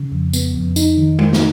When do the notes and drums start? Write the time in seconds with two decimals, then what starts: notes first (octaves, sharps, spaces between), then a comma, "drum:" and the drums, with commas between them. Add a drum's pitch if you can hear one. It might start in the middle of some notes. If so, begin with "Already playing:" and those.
Already playing: C#3
0.12 F2
0.33 B3, drum: tambourine
0.55 F2
0.76 D#4, drum: tambourine
0.97 D#3
1.19 drum: tom G#3
1.33 drum: snare